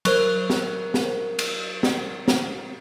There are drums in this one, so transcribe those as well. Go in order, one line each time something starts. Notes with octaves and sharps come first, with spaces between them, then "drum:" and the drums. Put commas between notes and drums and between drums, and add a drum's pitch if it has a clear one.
F#3 A#4 C5, drum: cymbal
drum: snare
drum: snare
drum: cymbal
drum: snare
drum: snare